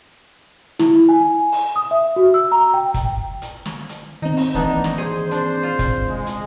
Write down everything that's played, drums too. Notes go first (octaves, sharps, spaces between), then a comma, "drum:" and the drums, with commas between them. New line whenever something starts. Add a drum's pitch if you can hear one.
E4, drum: snare
G#5
drum: open hi-hat
D#6
E5
F#4
E6
A#5
G5
drum: kick, hi-hat
drum: hi-hat
drum: snare
drum: hi-hat
D#3 C4 D#4
drum: open hi-hat
E3 A#3 B3 D4 D#4
drum: snare
G#4 C5
D4 C5, drum: hi-hat
F4
drum: kick, hi-hat
C#3 G#3
drum: hi-hat